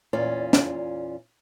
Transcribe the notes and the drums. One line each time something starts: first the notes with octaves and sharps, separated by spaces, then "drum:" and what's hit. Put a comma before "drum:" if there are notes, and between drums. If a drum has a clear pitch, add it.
E2 A#2 C#4 F4 D5
drum: snare